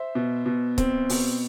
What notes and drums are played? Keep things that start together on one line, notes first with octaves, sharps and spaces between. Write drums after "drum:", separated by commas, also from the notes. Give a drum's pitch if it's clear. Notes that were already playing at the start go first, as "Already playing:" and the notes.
Already playing: C5 E5
B2
B2
C4, drum: kick C#1, hi-hat
B2, drum: open hi-hat